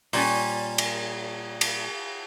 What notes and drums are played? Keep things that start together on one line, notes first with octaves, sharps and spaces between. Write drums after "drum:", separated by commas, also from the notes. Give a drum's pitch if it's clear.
A#2 G3 C#4 G#5, drum: open hi-hat
drum: cymbal
drum: cymbal